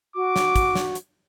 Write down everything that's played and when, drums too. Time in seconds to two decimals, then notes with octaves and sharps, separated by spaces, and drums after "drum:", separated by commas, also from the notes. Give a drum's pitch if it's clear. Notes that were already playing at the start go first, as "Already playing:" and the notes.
0.16 F#4 D6
0.36 drum: snare
0.56 drum: kick, hi-hat
0.75 drum: snare
0.95 drum: hi-hat